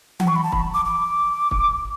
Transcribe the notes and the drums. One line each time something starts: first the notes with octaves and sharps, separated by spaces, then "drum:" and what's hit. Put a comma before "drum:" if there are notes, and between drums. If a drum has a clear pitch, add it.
F#5, drum: tom E3
C#6
B5
A5
B5, drum: kick
D6
D6
drum: kick